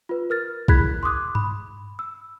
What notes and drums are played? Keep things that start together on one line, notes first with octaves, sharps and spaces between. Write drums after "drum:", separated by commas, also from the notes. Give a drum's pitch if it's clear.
F4 B4
A#4 F6 A6
E4 G#4 B5 F#6 G#6 B6, drum: kick
C6 D6 D#6 F#6
B5, drum: tom G2
E6